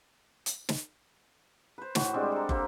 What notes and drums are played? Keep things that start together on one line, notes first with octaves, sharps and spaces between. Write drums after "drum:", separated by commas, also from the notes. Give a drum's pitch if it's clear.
drum: hi-hat
drum: snare
B4 C5
A2 E3 F#4, drum: snare
G3 G#3 C4 D4
A4 A#4
A#3 C4 G4, drum: kick